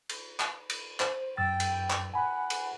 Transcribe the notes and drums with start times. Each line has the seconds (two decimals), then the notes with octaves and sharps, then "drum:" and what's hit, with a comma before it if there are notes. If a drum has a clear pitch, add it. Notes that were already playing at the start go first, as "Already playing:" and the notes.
0.09 drum: cymbal
0.40 drum: clap
0.70 drum: cymbal
1.00 C5, drum: clap
1.37 F#2 G5 E6 A6
1.60 drum: cymbal
1.90 drum: clap
2.14 F#5 G#5 B5
2.50 drum: cymbal